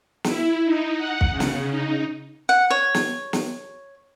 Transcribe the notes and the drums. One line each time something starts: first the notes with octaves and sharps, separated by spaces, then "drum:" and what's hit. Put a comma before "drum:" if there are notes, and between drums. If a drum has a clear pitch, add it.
E4, drum: snare
D#4
F#5
drum: kick
C#3
drum: snare
D#4
F#5
C#5
drum: snare
drum: snare